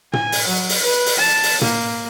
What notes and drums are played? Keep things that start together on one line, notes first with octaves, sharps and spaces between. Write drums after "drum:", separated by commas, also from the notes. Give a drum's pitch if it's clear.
G#5, drum: tom
drum: open hi-hat
F#3
drum: open hi-hat
B4
drum: open hi-hat
A5
drum: open hi-hat
A#3, drum: tom